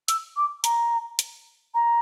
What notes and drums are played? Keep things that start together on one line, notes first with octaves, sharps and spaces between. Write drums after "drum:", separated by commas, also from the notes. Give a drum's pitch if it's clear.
E6, drum: hi-hat
D6
A#5, drum: hi-hat
drum: hi-hat
A#5